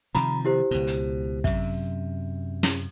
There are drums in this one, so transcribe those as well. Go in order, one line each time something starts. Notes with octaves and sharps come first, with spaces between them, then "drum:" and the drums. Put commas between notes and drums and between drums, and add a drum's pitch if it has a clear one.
C3 D#3 F3 A#5 B5
E4 G4 C5
C#2 B2
drum: hi-hat
F#2 C3 E5, drum: kick
drum: snare